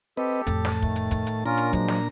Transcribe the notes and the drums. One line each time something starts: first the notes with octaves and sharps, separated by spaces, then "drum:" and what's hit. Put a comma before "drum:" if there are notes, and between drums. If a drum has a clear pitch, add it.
C4 G4 A4 B4 D#5
F2 A2 A5, drum: kick, hi-hat
drum: snare
D#3 A3, drum: kick
drum: hi-hat
drum: kick, hi-hat
drum: hi-hat
A#2 C#4 D4 F4 A#4 A#5
drum: hi-hat
F3 F#3 G#3, drum: kick, hi-hat
drum: snare